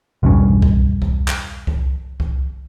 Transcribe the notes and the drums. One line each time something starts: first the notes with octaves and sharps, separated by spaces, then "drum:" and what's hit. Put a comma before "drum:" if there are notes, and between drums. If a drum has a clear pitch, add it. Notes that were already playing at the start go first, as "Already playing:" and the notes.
B1 E2 G2 C#4
drum: kick C2
drum: kick C2
drum: clap
drum: kick C2
drum: kick C2